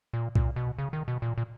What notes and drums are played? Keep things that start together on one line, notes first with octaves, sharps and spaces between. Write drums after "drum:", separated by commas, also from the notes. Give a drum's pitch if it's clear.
A#2
A#2, drum: kick C2
B2
C#3
D#3
B2
A#2
A#2